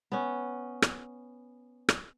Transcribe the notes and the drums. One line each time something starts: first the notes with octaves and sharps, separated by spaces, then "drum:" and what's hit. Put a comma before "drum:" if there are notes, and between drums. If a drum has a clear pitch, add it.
B3 C#4
drum: rim click
drum: rim click